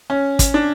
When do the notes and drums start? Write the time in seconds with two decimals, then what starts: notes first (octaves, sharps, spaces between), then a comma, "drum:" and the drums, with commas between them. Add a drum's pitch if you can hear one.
0.10 C#4
0.39 drum: kick, hi-hat
0.54 D4